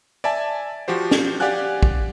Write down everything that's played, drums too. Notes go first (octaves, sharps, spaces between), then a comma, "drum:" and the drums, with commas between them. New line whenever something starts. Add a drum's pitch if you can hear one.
D5 E5 G#5 A5
F3 F#4 G4 C5
drum: snare
G4 D5 F5 F#5 G#5 F#6
drum: kick